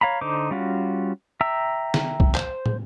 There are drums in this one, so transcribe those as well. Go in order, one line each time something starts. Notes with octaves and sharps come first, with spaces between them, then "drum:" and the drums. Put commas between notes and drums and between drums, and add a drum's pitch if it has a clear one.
C#5 F5 A#5 B5
D3 D#4 C5 D6
G3 C#4 F4 F#4
E5 G5 A#5 E6
drum: snare
drum: kick
C5, drum: clap
drum: tom